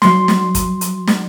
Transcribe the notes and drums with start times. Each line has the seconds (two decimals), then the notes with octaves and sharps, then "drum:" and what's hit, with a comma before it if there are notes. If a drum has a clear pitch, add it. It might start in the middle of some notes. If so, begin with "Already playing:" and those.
0.02 F#3 C6, drum: snare
0.28 drum: snare
0.55 drum: kick, hi-hat
0.81 drum: hi-hat
1.07 drum: snare